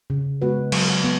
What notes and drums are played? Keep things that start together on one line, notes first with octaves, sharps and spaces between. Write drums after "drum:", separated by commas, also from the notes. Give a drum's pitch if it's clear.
C#3
G#3 B3 F#4 B4
F#3, drum: cymbal
B3